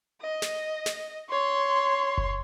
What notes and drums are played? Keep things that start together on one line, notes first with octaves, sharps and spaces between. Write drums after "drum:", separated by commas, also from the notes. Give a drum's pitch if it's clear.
D#5
drum: snare
drum: snare
C#5 C6
drum: kick F#1